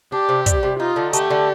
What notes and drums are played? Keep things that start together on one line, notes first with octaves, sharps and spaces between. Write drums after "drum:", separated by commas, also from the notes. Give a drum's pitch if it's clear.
D4 G4
C3
G3, drum: kick, hi-hat
C3
D#4 F4
D3
A3 G4, drum: hi-hat
D3